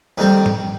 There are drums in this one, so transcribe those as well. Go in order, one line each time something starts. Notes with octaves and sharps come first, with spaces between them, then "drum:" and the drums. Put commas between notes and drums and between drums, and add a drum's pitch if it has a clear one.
F2 D#3 G3 C4
drum: tom G#2